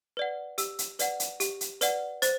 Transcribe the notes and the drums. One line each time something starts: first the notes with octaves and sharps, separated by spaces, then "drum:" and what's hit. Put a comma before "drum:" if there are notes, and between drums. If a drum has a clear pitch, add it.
B4 D5 F#5
G4 E6, drum: hi-hat
drum: hi-hat
B4 D5 F#5, drum: hi-hat
drum: hi-hat
G4, drum: hi-hat
drum: hi-hat
B4 D5 F#5, drum: hi-hat
C5 A6, drum: hi-hat